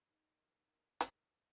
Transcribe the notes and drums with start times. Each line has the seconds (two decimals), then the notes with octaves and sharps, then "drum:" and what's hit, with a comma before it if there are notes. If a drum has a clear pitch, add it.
0.09 D#4 A#4
1.01 drum: hi-hat